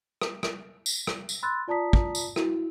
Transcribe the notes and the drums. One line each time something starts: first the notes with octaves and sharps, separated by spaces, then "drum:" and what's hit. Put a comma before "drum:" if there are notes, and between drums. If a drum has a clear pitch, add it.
drum: rim click
drum: rim click
drum: tambourine
drum: rim click
drum: tambourine
B5 C6 E6 F#6 A6
F4 D5 A5 A#5 D#6 B6
drum: kick
drum: tambourine
E4 F#4, drum: rim click